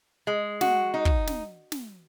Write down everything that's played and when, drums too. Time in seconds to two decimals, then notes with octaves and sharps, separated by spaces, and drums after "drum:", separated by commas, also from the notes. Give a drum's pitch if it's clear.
0.27 G#3
0.61 F#4, drum: snare
0.94 D#4
1.05 drum: kick
1.27 drum: snare
1.72 drum: snare